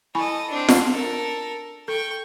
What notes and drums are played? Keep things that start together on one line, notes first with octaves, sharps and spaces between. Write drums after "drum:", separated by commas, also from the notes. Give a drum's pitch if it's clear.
E4 A4 D#5 G#5 B5
C4 D4
drum: snare F4
A4 A#4
A4 G5 C#6